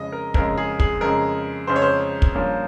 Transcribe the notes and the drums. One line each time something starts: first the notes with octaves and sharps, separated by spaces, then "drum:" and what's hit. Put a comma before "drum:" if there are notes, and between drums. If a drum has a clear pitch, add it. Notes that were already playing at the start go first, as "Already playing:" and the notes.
Already playing: F2 C#3 G#3 D#5
A#4
F2 C#3 G#3 A#4, drum: kick
G#4
G#4, drum: kick
F2 C#3 G#3 A#4
F2 C#3 G#3 C5
C#5
C5
drum: kick
G2 F3 A#3 C#4